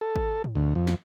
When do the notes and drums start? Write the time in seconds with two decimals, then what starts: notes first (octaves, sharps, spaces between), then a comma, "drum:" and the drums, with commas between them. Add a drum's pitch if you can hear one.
0.01 A4
0.16 drum: kick G#1
0.44 drum: tom G#2
0.55 D2
0.75 F2
0.87 drum: snare